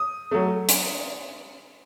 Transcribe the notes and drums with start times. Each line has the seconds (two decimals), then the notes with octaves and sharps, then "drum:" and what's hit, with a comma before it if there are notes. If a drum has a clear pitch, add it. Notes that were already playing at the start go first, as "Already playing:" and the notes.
Already playing: D#6
0.31 F#3 A3
0.69 drum: hi-hat